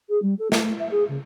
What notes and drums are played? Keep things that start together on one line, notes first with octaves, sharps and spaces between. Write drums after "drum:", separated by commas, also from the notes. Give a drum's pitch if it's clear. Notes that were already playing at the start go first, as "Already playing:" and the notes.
G#4
G3
A4
A3, drum: snare
E5
G#4
C#3